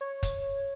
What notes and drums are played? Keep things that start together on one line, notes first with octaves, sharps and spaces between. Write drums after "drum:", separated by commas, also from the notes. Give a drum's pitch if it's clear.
C#5
drum: kick, hi-hat